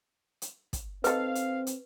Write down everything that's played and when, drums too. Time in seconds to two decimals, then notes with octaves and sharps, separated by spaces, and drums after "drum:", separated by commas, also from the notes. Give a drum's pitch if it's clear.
0.42 drum: hi-hat
0.73 drum: kick, hi-hat
1.04 D#3 C4 A4 B4 F5, drum: hi-hat
1.35 drum: hi-hat
1.67 drum: hi-hat